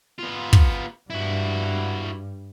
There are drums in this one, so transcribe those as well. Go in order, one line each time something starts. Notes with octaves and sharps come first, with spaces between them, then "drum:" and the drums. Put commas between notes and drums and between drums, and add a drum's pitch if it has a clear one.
B3 F4
drum: kick
G2 E4 F#4